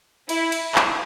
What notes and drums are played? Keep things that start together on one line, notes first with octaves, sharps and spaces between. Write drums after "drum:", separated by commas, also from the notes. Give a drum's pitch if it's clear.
E4, drum: cymbal
drum: cymbal
drum: clap